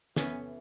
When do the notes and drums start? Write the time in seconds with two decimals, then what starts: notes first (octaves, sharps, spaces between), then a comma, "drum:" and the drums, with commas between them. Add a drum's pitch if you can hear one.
0.16 A1 A2 E3 B3 C#4, drum: snare